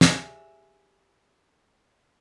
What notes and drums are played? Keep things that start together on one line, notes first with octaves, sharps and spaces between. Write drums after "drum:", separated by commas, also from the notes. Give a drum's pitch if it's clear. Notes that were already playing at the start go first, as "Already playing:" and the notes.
G4 G#4 E5, drum: snare